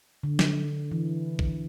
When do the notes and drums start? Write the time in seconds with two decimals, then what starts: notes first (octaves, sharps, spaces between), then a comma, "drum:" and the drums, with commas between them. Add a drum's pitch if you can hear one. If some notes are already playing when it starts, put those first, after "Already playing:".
0.23 D3
0.39 drum: snare
0.92 E3
1.39 drum: kick A#1